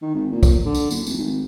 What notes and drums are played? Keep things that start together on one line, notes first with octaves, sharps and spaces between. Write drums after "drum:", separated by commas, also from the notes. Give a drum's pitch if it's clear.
D#3
G#1
A#2
drum: kick, tambourine
D3
drum: tambourine
F#1, drum: tambourine
F1, drum: tambourine
G#1